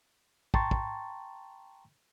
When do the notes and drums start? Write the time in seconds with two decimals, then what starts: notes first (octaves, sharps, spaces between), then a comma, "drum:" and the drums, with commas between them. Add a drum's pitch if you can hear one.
0.54 G5 A5 A#5 C6 C#6 A6, drum: kick
0.71 drum: kick